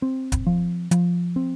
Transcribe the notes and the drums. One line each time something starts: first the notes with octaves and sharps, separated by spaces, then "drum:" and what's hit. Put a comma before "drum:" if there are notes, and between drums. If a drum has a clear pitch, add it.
C4
drum: kick, hi-hat
F3
F3, drum: hi-hat
C4